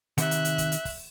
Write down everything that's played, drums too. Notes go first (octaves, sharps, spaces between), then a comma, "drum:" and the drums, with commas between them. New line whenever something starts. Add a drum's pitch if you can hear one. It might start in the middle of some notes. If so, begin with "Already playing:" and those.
C3 D#3 E5 F#5 F#6, drum: hi-hat
drum: hi-hat
drum: hi-hat
drum: kick, hi-hat
drum: hi-hat
drum: kick, open hi-hat